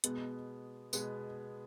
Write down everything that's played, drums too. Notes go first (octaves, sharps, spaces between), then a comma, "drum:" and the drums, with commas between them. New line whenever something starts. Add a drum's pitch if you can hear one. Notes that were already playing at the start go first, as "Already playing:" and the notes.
B2 G#3 B3, drum: hi-hat
B2 G#3 B3, drum: tambourine